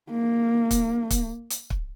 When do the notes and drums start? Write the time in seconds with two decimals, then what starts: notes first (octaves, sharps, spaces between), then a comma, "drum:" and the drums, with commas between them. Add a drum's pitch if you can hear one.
0.11 A#3
0.71 drum: kick, hi-hat
1.10 drum: kick, hi-hat
1.50 drum: hi-hat
1.70 drum: kick